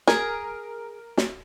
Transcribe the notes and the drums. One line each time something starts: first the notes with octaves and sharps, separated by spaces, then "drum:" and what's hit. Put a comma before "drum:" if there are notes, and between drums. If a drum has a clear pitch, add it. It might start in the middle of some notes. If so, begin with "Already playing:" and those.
G#4 A#4, drum: snare
drum: snare